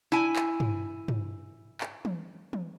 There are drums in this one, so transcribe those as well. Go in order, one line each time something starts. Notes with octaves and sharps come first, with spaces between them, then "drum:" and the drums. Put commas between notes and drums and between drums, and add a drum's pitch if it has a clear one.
E4 G#5
drum: clap
drum: tom
drum: tom
drum: clap
drum: tom
drum: tom